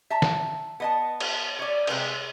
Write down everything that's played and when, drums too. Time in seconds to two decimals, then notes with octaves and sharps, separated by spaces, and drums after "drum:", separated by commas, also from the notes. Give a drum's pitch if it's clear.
0.10 E5 A5 A#5
0.22 drum: snare
0.80 B3 D#5 A5
1.20 drum: cymbal
1.59 C#5 D5
1.87 C3 G#3 B4 G5, drum: cymbal